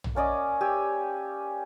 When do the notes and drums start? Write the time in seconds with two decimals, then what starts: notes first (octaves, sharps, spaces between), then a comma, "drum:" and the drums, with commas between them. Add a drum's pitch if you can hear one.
0.04 drum: tom A#1
0.15 A#3 C#4 D5 D#5
0.61 G4 G#5 E6